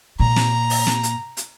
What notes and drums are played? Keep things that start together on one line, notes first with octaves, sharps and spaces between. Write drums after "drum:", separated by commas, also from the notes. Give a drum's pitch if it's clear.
A#2 A#5
drum: snare
drum: open hi-hat
drum: snare
drum: hi-hat
drum: hi-hat